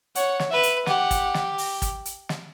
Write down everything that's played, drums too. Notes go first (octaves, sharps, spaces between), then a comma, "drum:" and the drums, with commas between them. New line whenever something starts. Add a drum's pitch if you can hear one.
C#5 F#5, drum: hi-hat
drum: snare
B4 E5
drum: hi-hat
G4 F#5, drum: snare
drum: kick, hi-hat
drum: snare
drum: open hi-hat
drum: kick, hi-hat
drum: hi-hat
drum: snare